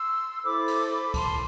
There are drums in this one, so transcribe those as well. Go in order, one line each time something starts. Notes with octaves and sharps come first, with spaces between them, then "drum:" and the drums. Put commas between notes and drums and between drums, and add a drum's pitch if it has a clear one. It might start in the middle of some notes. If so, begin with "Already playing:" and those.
Already playing: C6 E6
E4 A4 C5 B5 D6
drum: cymbal
A5 C6, drum: kick C2, cymbal